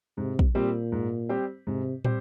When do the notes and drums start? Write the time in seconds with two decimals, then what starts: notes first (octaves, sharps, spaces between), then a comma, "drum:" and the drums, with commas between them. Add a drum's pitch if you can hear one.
0.18 G#2 C3
0.39 drum: kick
0.55 A#2 G3 C4 G4 C5
0.92 G#2
1.29 G3 C4 G4 C5
1.67 G#2 C3
2.05 G3 C4 G4 C5, drum: tom